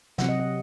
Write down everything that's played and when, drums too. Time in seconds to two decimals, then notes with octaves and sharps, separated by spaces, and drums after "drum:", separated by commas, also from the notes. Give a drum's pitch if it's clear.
0.18 C3 F#3 C4 F#5, drum: snare
0.29 D#5
0.40 D#5